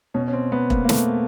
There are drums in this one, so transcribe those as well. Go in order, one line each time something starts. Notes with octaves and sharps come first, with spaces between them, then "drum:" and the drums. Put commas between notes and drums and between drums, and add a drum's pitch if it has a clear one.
B2 C#4
C#4
C4
B3
A#3, drum: kick E1
A#3
A3, drum: snare